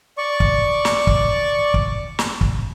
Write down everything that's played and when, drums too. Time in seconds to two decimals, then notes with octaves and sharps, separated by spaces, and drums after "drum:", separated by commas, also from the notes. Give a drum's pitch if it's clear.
0.18 D5 C#6
0.40 drum: kick
0.85 drum: snare
1.07 drum: kick
1.74 drum: kick
2.19 drum: snare
2.41 drum: kick